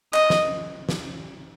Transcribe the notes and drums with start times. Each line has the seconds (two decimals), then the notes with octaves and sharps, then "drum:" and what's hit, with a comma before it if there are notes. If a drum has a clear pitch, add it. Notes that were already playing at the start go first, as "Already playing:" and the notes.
0.14 D#5, drum: clap
0.30 drum: snare
0.89 drum: snare